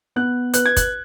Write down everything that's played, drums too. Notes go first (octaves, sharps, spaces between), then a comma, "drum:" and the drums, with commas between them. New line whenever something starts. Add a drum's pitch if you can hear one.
B3 F#6
B4 F#6, drum: hi-hat
G#6
F#6, drum: kick, hi-hat